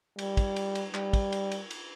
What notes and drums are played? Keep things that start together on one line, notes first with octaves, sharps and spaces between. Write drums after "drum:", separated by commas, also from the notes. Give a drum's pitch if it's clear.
G3, drum: cymbal
drum: kick, cymbal
drum: cymbal
drum: cymbal
G3, drum: clap
drum: kick, cymbal
drum: cymbal
drum: cymbal
drum: cymbal